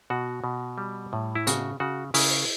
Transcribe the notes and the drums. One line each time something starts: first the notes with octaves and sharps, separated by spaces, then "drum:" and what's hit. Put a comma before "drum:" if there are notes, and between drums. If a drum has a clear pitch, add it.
B2 F#4
B2
G3
A2
E4
C#3 F#4, drum: hi-hat
C#3 F#4
C#3 E4, drum: open hi-hat